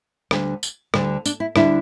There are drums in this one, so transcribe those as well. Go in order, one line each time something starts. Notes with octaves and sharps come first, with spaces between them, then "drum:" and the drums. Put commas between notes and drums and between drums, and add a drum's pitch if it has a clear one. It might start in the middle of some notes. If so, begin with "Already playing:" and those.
D2 D3 G3 D4, drum: rim click
drum: tambourine
D2 D3 G3 D4, drum: rim click
D4, drum: tambourine
E4
D2 D3 G3 D4 E4, drum: rim click